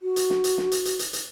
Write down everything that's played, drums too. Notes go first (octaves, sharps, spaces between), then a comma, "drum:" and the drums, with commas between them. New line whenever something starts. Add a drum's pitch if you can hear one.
F#4
drum: hi-hat
drum: snare
drum: hi-hat
drum: snare
drum: hi-hat
drum: hi-hat
drum: hi-hat
drum: hi-hat